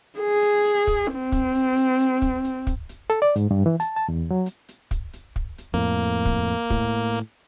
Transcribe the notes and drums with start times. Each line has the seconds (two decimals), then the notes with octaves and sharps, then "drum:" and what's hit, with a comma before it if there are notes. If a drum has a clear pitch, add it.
0.19 G#4
0.43 drum: hi-hat
0.65 drum: hi-hat
0.87 drum: kick, hi-hat
1.15 C4
1.32 drum: kick, hi-hat
1.55 drum: hi-hat
1.77 drum: hi-hat
1.99 drum: hi-hat
2.22 drum: kick, hi-hat
2.44 drum: hi-hat
2.67 drum: kick, hi-hat
2.89 drum: hi-hat
3.10 A4, drum: hi-hat
3.22 D5
3.36 G#2, drum: hi-hat
3.51 G2
3.66 E3
3.80 A5, drum: hi-hat
3.96 A5
4.08 E2
4.31 F#3
4.46 drum: hi-hat
4.69 drum: hi-hat
4.91 drum: kick, hi-hat
5.13 drum: hi-hat
5.36 drum: kick
5.58 drum: hi-hat
5.74 F2 A2 A#3
6.03 drum: hi-hat
6.25 drum: kick, hi-hat
6.48 drum: hi-hat
6.70 A2, drum: kick, hi-hat
7.15 drum: hi-hat